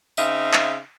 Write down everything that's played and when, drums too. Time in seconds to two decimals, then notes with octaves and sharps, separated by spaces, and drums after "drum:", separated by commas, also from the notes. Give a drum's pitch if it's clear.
0.17 C#3 C4 D#4 E5 F5, drum: tambourine
0.53 drum: clap